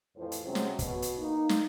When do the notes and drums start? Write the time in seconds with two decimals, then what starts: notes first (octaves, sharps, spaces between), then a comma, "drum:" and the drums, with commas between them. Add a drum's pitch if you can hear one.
0.16 F2 A2 E3 F3 C5
0.32 drum: hi-hat
0.44 C3 F#3 G#3 C4 C#4
0.55 drum: snare
0.79 B2, drum: kick, hi-hat
1.02 drum: hi-hat
1.18 A#3 D#4
1.49 drum: snare